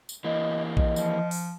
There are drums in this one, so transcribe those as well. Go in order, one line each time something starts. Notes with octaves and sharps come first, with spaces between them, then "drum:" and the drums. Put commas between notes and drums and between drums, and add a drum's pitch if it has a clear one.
drum: tambourine
E3 A#3 D#5
D#5, drum: kick A#1
F3, drum: tambourine
drum: open hi-hat